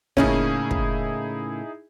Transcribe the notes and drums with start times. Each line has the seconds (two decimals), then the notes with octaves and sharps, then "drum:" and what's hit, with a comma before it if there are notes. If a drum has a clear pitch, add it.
0.17 A2 C#3 A#3 C#4 D#4 E4 G#4, drum: kick
0.71 drum: kick